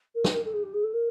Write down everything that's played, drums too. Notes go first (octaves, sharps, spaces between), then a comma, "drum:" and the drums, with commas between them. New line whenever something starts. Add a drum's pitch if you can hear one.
A#4
B4, drum: snare
A#4
A4
G#4
G4
G#4
A4
A#4